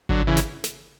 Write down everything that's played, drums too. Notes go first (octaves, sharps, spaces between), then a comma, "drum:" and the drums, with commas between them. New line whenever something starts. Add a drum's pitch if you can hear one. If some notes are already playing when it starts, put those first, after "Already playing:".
D3 F#3, drum: kick G#1
C#3 E3
drum: snare
drum: snare